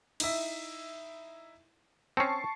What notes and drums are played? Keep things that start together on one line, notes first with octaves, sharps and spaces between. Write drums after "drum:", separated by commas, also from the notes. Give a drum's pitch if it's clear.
D#4 E4 E5, drum: cymbal
C4 C#4 A5 C#6 C7 C#7